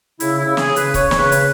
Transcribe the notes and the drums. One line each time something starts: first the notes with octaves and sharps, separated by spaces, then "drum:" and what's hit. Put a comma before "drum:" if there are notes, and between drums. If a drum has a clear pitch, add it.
C#3 E4, drum: hi-hat
E4
C#3
G#4, drum: snare
C#3
B4, drum: hi-hat
C#3 C#5, drum: kick C#1, hi-hat
C#5, drum: snare
C#3 B4
drum: hi-hat